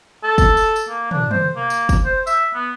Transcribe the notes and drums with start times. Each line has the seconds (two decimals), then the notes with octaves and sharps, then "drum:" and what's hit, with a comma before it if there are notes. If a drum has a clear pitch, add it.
0.24 A4
0.38 drum: kick, tambourine
0.57 drum: tambourine
0.76 drum: tambourine
0.89 A#3
1.11 D4, drum: tom
1.31 C5, drum: tom
1.57 A#3
1.70 drum: tambourine
1.89 drum: kick, tambourine
2.05 C5
2.27 E5, drum: tambourine
2.54 B3